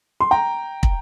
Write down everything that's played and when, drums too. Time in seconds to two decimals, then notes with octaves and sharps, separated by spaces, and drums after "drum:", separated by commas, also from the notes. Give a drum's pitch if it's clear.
0.21 C6
0.31 G5 A#5
0.83 drum: kick